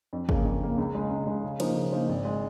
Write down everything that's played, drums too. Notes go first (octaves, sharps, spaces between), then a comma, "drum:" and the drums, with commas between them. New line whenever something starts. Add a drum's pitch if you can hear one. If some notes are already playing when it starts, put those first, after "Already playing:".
F2
C#3 A#3, drum: kick
F2
C#3 A#3
C#2
C#3 G#3
C#2
C#3 G#3
C#3
F3 A#3 D#4, drum: cymbal
C#3
F3 A#3 D#4
G#1
G#3